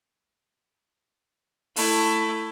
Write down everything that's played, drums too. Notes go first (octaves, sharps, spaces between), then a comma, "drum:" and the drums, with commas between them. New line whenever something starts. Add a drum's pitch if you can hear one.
A3 E4, drum: open hi-hat